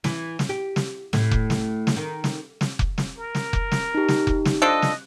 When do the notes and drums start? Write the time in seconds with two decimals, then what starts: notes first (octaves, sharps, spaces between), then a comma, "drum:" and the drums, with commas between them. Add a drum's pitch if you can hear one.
0.04 E3, drum: snare
0.39 drum: snare
0.49 G4
0.76 drum: snare
1.13 A2, drum: snare
1.31 drum: kick F1
1.50 drum: snare
1.87 drum: snare
1.96 D#3
2.24 drum: snare
2.61 drum: snare
2.79 drum: kick F1
2.98 drum: snare
3.18 A#4
3.35 drum: snare
3.53 drum: kick F1
3.72 drum: snare
3.95 D#4 G4
4.08 drum: snare
4.27 drum: kick F1
4.45 drum: snare
4.62 F3 D4 A4 D#5 F#6
4.82 drum: snare